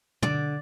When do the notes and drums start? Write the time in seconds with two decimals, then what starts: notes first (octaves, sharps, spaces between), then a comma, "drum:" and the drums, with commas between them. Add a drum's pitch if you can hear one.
0.22 D3 D5, drum: tom